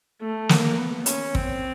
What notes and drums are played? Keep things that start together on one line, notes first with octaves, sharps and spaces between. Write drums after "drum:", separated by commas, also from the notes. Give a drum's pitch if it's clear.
A3
A#3, drum: snare
B3
C#4, drum: hi-hat
C4, drum: kick